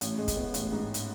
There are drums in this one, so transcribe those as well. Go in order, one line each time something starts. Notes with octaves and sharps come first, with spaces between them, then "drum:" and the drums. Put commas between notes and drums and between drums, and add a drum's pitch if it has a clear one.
A1, drum: hi-hat
G#3
drum: kick, hi-hat
B3
A1, drum: hi-hat
G#2
drum: hi-hat